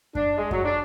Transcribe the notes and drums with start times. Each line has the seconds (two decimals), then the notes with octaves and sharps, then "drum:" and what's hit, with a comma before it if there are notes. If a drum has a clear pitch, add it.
0.15 D4, drum: kick F#2
0.37 G#3
0.51 F#3, drum: kick F#2
0.64 D4